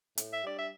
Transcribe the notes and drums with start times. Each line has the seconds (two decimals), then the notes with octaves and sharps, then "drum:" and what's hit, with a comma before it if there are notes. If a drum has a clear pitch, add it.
0.18 A2, drum: hi-hat
0.32 E5
0.44 G3 D4 D5
0.57 E5